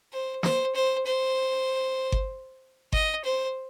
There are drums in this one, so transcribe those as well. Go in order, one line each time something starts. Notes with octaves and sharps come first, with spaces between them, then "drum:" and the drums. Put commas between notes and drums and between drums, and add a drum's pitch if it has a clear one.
C5
C5, drum: snare
C5
C5
drum: kick G1
D#5, drum: kick G1
C5